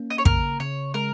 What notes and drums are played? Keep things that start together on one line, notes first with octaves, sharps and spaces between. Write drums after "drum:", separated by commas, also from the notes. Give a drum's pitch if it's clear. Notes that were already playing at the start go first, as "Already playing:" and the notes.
Already playing: A#3 C#4
D#5
C#5
C#3 A#4, drum: kick
C#3 C#5
G#3 A#4